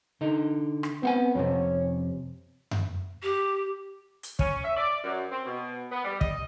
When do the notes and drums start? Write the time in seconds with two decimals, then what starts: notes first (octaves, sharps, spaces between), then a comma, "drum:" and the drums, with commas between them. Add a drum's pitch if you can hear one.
0.21 D3 D#4
0.83 drum: rim click
1.03 B3 C4 F#5 G#5
1.35 F2 A2 C3 C#4
2.71 drum: tom F#2
3.22 G4
4.23 drum: hi-hat
4.39 C#4, drum: kick
4.65 E5
4.77 D5
5.04 F#2
5.32 C4
5.46 B2
5.92 B3
6.04 G3
6.21 D#5, drum: kick